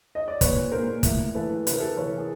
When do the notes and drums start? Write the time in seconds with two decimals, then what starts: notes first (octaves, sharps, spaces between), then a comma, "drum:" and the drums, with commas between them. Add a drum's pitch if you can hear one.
0.15 D#5
0.28 D5
0.41 A#2 B4 C#5, drum: kick, hi-hat
0.56 A#2
0.72 A#2 A#4 C5
0.88 A#2
1.03 A2, drum: kick, hi-hat
1.19 A2
1.35 E3 A4 B4
1.51 E3
1.67 C3 B4, drum: hi-hat
1.73 A#4
1.80 C3 A4 B4
1.97 E3 B4 C#5
2.13 E3 G#4